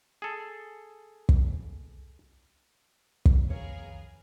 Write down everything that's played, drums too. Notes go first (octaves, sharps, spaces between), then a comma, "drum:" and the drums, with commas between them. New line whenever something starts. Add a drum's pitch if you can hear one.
G#4 A4
drum: kick
drum: kick
F2 D#3 B3 G#4 A#4 C#5 F5